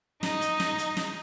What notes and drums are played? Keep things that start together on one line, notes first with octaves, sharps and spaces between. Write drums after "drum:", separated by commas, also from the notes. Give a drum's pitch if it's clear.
D#4 D#5, drum: snare
drum: hi-hat
drum: snare
drum: hi-hat
drum: snare